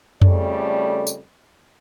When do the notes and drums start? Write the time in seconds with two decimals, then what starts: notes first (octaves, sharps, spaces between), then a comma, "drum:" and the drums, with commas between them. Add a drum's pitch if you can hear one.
0.22 F2 C#3 G3 A3 D5, drum: tom F2
1.07 drum: tambourine